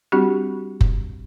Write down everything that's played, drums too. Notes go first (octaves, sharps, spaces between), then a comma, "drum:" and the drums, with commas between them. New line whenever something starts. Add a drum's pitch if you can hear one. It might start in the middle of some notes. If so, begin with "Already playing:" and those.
G3 C4 D4 F#4 G4
drum: kick F#1